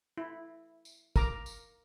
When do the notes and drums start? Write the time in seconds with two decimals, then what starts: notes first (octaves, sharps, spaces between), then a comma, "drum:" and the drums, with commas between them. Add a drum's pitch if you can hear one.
0.17 E4
0.85 drum: tambourine
1.16 A#4 A#5 D6, drum: kick, tambourine
1.46 drum: tambourine